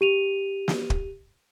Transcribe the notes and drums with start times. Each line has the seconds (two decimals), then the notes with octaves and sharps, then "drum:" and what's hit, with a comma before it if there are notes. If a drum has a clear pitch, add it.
0.01 G4 D#7 F7
0.68 drum: snare
0.90 drum: kick